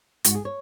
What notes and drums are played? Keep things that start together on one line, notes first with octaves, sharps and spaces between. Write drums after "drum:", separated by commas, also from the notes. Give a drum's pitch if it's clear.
G#2 F#4, drum: hi-hat
G#4
C#5